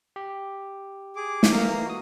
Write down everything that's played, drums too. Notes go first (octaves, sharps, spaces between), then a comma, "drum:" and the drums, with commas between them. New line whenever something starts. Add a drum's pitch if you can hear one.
G4
G#4 D6
drum: snare
E3 A3 A#3 D#4 F5 A#5
F#4 D#6